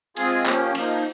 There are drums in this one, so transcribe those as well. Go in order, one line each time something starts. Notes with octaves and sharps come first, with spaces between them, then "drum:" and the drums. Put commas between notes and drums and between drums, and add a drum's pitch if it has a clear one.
G#3 C4 F4 G#4, drum: cymbal
F3 A#3 C#4 G4, drum: clap
F3 A#3 D#4 F4, drum: cymbal